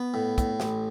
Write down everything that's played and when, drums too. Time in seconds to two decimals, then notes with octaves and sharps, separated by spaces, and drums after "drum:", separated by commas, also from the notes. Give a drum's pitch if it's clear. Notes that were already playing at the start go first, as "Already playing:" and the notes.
Already playing: B3
0.14 A2
0.38 A2, drum: kick, hi-hat
0.60 A1, drum: snare